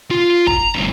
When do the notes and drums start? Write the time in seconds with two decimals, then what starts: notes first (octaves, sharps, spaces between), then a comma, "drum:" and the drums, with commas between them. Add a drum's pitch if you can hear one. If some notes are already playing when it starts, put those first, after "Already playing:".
0.11 F4
0.47 A#5, drum: kick
0.75 D2 G2